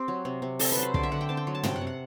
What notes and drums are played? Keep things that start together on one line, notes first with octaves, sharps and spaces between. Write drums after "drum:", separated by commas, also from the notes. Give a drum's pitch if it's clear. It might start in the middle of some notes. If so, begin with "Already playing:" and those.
Already playing: C4 G4
F#3
C3
C3
C4 A4, drum: open hi-hat
F#3 B4
C5
D3 D5, drum: kick
E5
D3 F#5
G5
C4 A5
G5
F#3
A5
C3 G5, drum: tom
F#5
C3
F#5